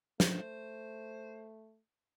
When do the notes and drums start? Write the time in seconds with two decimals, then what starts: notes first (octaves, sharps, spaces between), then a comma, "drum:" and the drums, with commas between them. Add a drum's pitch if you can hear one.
0.20 A3 C5, drum: snare